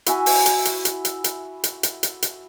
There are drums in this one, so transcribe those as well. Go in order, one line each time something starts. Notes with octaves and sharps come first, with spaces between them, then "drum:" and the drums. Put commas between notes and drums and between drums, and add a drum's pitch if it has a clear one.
E4 F#4 E5 G#5, drum: hi-hat
drum: open hi-hat
drum: hi-hat
drum: hi-hat
drum: hi-hat
drum: hi-hat
drum: hi-hat
drum: hi-hat
drum: hi-hat
drum: hi-hat
drum: hi-hat